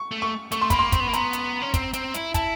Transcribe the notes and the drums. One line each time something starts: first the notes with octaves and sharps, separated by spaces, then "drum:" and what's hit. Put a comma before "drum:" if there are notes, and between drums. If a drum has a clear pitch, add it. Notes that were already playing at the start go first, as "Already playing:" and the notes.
Already playing: C#6
A3
C#6
A3 C#6, drum: hi-hat
C6
A#3 B5, drum: kick, hi-hat
C6
C4, drum: kick, hi-hat
B3
A#3
B3 A#5, drum: hi-hat
drum: hi-hat
C#4
C4, drum: kick, hi-hat
C4, drum: hi-hat
E4, drum: hi-hat
E4 A5, drum: kick, hi-hat